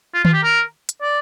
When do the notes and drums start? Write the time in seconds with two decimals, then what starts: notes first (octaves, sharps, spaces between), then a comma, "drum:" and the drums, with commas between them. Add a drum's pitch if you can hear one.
0.14 F4
0.25 F4, drum: tom D#3
0.34 G4
0.43 A#4
0.89 drum: hi-hat
1.02 D5